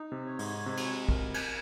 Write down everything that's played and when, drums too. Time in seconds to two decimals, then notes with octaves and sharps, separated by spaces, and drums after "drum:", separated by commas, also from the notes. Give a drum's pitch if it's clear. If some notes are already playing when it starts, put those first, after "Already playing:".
Already playing: D#4
0.12 C3
0.26 C#5
0.39 G#2, drum: open hi-hat
0.66 C3 G#3
0.77 drum: cymbal
1.09 A#4, drum: kick
1.34 drum: cymbal